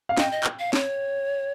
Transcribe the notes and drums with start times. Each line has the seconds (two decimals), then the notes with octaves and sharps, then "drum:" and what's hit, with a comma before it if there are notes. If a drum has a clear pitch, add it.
0.09 F5
0.17 D#5 G5, drum: snare
0.32 D#5
0.44 drum: clap
0.59 F5
0.73 C#5, drum: snare